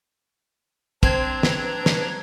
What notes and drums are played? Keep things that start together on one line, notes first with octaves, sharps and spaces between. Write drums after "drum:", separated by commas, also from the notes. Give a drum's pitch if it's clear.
C4 D4 C5 A#5 G#6, drum: kick
B4, drum: snare
drum: snare